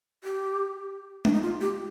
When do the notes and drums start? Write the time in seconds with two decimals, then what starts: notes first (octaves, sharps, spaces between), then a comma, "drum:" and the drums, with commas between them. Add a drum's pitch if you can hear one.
0.24 G4
1.25 D4, drum: tom G#3
1.33 D#4
1.42 F4
1.61 G4